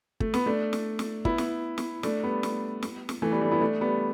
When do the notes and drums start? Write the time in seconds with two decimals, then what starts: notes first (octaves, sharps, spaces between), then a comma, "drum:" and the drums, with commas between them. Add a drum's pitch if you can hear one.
0.20 A3, drum: kick
0.34 B3, drum: snare
0.46 A3 D4
0.73 drum: snare
0.99 drum: snare
1.25 B3 E4, drum: kick
1.38 drum: snare
1.78 drum: snare
2.03 A3 D4, drum: snare
2.23 G3 B3
2.43 drum: snare
2.83 drum: snare
3.09 drum: snare
3.22 E3 A3
3.31 G3 B3
3.41 A3 D4
3.51 B3 E4
3.61 A3 D4
3.81 G3 B3